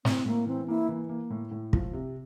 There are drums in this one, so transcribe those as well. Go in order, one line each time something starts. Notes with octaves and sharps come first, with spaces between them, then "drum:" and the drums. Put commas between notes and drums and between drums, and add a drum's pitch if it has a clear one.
A2 C4, drum: snare
A2 A#3
E3 C4
A#3 E4
E3
A#3
A2
A2
F3, drum: kick
C3